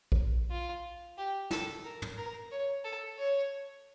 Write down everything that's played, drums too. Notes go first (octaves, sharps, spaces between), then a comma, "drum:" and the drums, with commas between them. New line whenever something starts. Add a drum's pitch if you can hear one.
drum: kick A#1
F4
G4
A4, drum: snare
A#4
drum: tom
A#4
C#5
A4
C#5